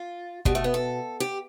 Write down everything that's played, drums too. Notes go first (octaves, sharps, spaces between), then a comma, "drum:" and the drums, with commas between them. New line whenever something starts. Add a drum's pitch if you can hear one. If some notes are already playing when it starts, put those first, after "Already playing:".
Already playing: F4
B2 G3, drum: kick
A3
B3
A4
G4